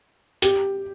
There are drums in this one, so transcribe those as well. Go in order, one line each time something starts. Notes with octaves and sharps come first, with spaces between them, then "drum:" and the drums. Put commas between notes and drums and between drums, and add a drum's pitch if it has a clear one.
G4, drum: hi-hat